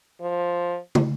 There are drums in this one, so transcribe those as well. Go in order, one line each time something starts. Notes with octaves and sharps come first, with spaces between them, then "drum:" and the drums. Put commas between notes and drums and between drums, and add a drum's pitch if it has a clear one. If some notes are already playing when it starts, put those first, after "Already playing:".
F3
drum: tom